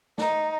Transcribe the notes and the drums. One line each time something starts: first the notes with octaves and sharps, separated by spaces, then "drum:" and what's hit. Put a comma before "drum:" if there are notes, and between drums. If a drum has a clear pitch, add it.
D#4, drum: snare